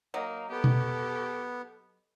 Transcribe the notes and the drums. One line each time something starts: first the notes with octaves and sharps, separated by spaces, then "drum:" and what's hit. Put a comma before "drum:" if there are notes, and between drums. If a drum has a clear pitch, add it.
F#3 A#3 D#4
B3 G4 A4
drum: tom B2